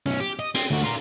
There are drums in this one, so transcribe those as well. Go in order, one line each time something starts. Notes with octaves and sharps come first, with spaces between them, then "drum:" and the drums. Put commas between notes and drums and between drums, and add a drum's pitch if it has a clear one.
B1 C#4
G4
D#5
C4, drum: hi-hat
D2 F#4
F4 A#4